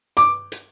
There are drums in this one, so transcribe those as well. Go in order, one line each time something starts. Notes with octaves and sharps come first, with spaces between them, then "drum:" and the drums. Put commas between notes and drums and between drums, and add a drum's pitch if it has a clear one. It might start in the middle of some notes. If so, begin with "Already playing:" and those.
D6, drum: hi-hat
drum: hi-hat